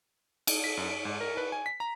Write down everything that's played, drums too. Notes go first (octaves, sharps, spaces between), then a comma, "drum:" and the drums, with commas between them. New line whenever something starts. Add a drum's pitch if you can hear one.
drum: cymbal
B6
F#2
D7
G#2
A#4
B4
G#5
B6
A#5